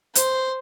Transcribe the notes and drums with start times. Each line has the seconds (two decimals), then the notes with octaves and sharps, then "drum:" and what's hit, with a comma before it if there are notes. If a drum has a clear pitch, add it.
0.15 C5, drum: hi-hat